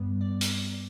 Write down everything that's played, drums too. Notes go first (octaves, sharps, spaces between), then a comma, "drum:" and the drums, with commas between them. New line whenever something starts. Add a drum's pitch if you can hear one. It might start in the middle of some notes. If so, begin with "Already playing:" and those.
Already playing: G2 G3 B3
D5
drum: hi-hat